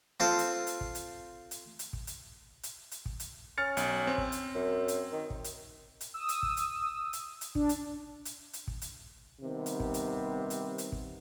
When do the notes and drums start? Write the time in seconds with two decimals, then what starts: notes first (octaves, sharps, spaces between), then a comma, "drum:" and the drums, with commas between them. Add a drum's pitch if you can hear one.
0.20 C4 F4 A4
0.39 drum: hi-hat
0.67 drum: hi-hat
0.81 drum: kick
0.95 drum: hi-hat
1.51 drum: hi-hat
1.79 drum: hi-hat
1.93 drum: kick
2.07 drum: hi-hat
2.63 drum: hi-hat
2.91 drum: hi-hat
3.06 drum: kick
3.20 drum: hi-hat
3.58 C#4 F6 A6 C#7
3.77 B1, drum: hi-hat
4.07 C4
4.18 drum: kick
4.32 drum: hi-hat
4.55 F#2
4.88 drum: hi-hat
5.12 D#3
5.30 drum: kick
5.44 drum: hi-hat
6.01 drum: hi-hat
6.14 D#6 E6
6.29 drum: hi-hat
6.43 drum: kick
6.57 drum: hi-hat
7.13 drum: hi-hat
7.41 drum: hi-hat
7.55 D4, drum: kick
7.69 drum: hi-hat
8.25 drum: hi-hat
8.53 drum: hi-hat
8.67 drum: kick
8.82 drum: hi-hat
9.41 C3 D#3 G3 B3 C4
9.66 drum: hi-hat
9.80 drum: kick
9.94 drum: hi-hat
10.50 drum: hi-hat
10.78 drum: hi-hat
10.92 drum: kick